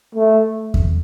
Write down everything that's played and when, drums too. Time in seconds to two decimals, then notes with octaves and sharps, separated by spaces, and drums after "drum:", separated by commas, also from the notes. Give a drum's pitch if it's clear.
0.15 A3
0.74 drum: kick E2